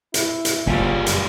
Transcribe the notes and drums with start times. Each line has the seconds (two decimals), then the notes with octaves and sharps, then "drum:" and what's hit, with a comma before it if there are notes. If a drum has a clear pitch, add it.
0.14 E4, drum: hi-hat
0.45 drum: hi-hat
0.67 F#1 C#3 G3 F4
1.06 drum: hi-hat